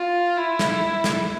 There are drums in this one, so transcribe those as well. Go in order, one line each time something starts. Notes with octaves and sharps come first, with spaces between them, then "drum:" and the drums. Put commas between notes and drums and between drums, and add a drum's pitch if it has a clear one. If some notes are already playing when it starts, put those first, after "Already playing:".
Already playing: F4
E4
drum: snare
drum: snare